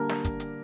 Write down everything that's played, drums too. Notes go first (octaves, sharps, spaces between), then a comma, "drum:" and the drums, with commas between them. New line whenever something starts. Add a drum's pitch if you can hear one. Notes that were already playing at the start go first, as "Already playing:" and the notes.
Already playing: D3 G3 A#3 D4 A#4
drum: snare
drum: kick, hi-hat
drum: hi-hat